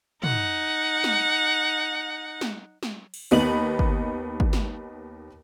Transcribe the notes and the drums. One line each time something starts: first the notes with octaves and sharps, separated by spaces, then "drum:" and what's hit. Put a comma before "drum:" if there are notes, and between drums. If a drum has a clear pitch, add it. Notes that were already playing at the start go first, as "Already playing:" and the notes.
D#4 F#5, drum: tom
drum: snare
drum: snare
drum: snare
drum: cymbal
D#2 B3 D#4 F#7, drum: open hi-hat
drum: kick G#1
drum: kick G#1
drum: snare